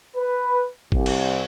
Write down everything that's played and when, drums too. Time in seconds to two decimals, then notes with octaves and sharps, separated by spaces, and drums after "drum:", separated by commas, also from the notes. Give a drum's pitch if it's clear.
0.16 B4
0.92 C2, drum: kick G#1
1.06 drum: cymbal